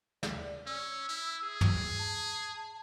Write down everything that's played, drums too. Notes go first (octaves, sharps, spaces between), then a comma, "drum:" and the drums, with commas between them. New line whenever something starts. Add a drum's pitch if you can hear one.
D5, drum: snare
C#4 E6
E4
G#4
drum: tom
A5